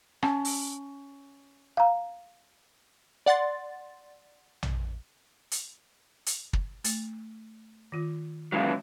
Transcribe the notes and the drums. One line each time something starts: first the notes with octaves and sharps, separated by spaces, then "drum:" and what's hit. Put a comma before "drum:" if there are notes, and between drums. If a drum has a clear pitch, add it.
C#4 A5, drum: rim click
drum: open hi-hat
F5 A#5
D5 F#5 C6 A6
drum: tom A#1
drum: hi-hat
drum: hi-hat
drum: kick
A3, drum: hi-hat
D#3 F4
C#3 E3 F#3 G#3